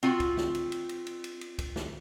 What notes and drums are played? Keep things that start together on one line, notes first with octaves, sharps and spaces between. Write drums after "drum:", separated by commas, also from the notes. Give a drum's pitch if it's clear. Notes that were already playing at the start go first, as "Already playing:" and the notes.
C4 F4 F#4, drum: cymbal
drum: kick, cymbal
drum: snare
drum: cymbal
drum: cymbal
drum: cymbal
drum: cymbal
drum: cymbal
drum: cymbal
drum: kick, cymbal
drum: snare